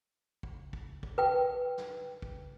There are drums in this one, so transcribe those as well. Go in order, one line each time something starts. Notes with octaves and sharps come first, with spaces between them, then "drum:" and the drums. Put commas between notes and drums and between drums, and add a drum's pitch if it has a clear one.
drum: kick
drum: kick
drum: kick
B4 G5
drum: snare
drum: kick